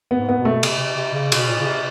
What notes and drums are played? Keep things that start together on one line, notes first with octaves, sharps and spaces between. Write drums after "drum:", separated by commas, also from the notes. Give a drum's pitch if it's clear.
B3
G#2
B3
B2
A3
C3, drum: cymbal
C3
C3
C#3
B2, drum: cymbal
A#2
C#3
C3